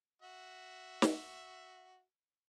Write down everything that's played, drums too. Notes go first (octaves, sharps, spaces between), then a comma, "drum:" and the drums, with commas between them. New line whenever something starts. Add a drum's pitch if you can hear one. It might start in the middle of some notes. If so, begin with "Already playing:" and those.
F#4 E5
drum: snare